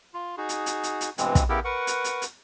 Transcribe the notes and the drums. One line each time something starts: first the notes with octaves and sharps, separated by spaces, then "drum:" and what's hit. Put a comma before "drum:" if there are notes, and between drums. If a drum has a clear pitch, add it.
F4
D#4 F#4 G#4
drum: hi-hat
drum: hi-hat
drum: hi-hat
drum: hi-hat
G2 B2 E3 G#3 C4, drum: hi-hat
drum: kick, hi-hat
C#3 B3 E4 G4 A4 A#4
A#4 B4 F#5 C#6
drum: hi-hat
drum: hi-hat
drum: hi-hat